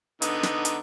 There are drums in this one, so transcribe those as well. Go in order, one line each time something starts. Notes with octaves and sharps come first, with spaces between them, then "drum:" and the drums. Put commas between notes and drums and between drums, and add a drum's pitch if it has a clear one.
D3 B3 D#4, drum: hi-hat
drum: snare
drum: hi-hat